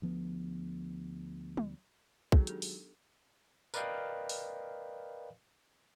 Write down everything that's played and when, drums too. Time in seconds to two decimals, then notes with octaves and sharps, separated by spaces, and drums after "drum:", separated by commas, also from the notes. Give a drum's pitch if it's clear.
0.02 D2 F3 B3
1.57 drum: tom
2.32 D#3 F#3 G#3 B3 G#4 A4, drum: kick
2.47 D4 G4 A4, drum: hi-hat
2.62 drum: open hi-hat
3.74 A#4 B4 D5 D#5 F5 G5, drum: tambourine
4.29 drum: open hi-hat